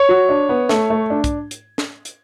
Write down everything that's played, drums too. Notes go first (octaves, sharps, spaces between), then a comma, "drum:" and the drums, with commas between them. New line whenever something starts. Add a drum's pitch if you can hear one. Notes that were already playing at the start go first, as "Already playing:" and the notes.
Already playing: C#5
F#4
D4
B3
A3, drum: snare
A3
D4
drum: kick, hi-hat
drum: hi-hat
drum: snare
drum: hi-hat